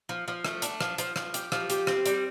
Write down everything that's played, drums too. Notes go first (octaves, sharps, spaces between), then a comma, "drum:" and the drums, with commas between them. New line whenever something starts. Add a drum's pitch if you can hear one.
F3
F3
A3, drum: rim click
D4, drum: hi-hat
F3, drum: rim click
F3, drum: hi-hat
F3, drum: rim click
G4, drum: hi-hat
F3, drum: rim click
G4, drum: hi-hat
C4, drum: rim click
G3, drum: hi-hat